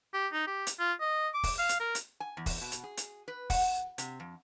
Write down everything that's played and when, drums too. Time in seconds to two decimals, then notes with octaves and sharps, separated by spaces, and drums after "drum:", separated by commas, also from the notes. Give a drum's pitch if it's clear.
0.14 G4
0.33 D#4
0.47 G4
0.67 drum: hi-hat
0.80 F4
1.00 D#5
1.34 D6
1.43 drum: kick, open hi-hat
1.58 F5
1.69 drum: hi-hat
1.80 A#4
1.95 drum: hi-hat
2.20 G#5
2.37 E2
2.46 drum: kick, open hi-hat
2.61 B2
2.72 drum: hi-hat
2.84 G#4
2.97 drum: hi-hat
3.28 B4
3.50 F#5, drum: kick, open hi-hat
3.98 C3, drum: hi-hat
4.20 F2